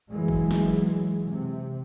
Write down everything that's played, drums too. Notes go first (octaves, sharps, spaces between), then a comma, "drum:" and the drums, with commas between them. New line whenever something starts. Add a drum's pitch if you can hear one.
E3 F#3 G#3
drum: kick
drum: snare
C3